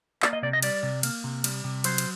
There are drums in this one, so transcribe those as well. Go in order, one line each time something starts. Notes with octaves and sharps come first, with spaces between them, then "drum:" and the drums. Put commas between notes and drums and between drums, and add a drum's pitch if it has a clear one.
A#3 D5, drum: clap
D#5
C3 D5
D#5
G3 D5, drum: cymbal
C3
A#3, drum: cymbal
C3
G3, drum: cymbal
C3
F#3 C5, drum: cymbal
drum: cymbal